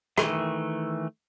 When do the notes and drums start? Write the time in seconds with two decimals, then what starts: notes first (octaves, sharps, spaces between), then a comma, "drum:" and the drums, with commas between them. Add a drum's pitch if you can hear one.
0.18 D#3 E3 A3, drum: rim click